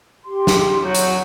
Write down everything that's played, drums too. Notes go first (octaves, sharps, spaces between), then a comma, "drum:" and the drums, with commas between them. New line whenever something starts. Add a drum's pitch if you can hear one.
G4 C6
drum: snare
F#3 F#5 G6
drum: hi-hat